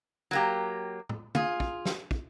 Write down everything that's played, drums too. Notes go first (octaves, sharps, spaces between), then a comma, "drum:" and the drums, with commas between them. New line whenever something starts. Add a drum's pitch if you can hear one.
F#3 A#3 G4
drum: tom
F4 G#4, drum: tom
drum: kick
drum: snare
drum: kick